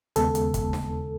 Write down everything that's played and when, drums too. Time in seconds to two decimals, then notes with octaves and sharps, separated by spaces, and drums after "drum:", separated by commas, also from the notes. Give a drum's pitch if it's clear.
0.16 D#2 C#3 G#3 B3 A4, drum: hi-hat
0.35 drum: hi-hat
0.54 drum: kick, hi-hat
0.73 drum: snare